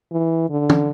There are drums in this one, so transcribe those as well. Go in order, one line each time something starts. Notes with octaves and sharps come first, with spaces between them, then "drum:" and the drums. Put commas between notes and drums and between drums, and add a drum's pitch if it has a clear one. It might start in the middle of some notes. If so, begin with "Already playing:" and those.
E3
D3
drum: tom